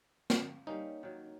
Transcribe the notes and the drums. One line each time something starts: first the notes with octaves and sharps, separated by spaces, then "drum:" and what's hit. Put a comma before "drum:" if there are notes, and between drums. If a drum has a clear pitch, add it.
drum: snare
G3 A#3 C#4 D#4
D#3 F#3